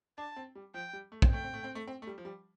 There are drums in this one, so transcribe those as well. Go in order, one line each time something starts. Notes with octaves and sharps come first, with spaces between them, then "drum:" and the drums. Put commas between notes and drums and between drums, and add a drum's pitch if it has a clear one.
D4 A5
C4
G3
F3 G5
G3
A3
C4, drum: kick
A3 G5
C4
A3
C4
A3
C4
A3
G3
F3
G3